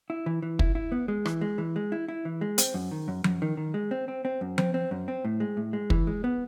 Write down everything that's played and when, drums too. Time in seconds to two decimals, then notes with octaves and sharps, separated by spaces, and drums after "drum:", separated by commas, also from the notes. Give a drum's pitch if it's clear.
0.10 E4
0.26 E3
0.42 E3
0.59 E4, drum: kick
0.75 E4
0.92 B3
1.08 G#3
1.25 E3, drum: rim click
1.41 G#3
1.58 E3
1.76 G#3
1.92 E4
2.08 E4
2.25 E3
2.41 G#3
2.58 C4, drum: hi-hat
2.74 F#2
2.91 D#3
3.08 F#2
3.24 F#2, drum: tom F3
3.42 D#3
3.57 D#3
3.74 G#3
3.91 C4
4.08 C4
4.25 C4
4.41 F#2
4.58 C4, drum: tom F3
4.74 C4
4.91 F#2
5.08 C4
5.25 A2
5.40 G#3
5.57 A2
5.73 G#3
5.90 E3, drum: kick
6.07 G#3
6.24 B3